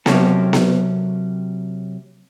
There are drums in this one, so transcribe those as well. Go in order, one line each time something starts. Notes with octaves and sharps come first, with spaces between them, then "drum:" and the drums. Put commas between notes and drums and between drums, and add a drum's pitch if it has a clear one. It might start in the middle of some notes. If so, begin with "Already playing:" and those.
C3 F#3 A#3 C#4 F#4 A4, drum: snare B3
drum: snare B3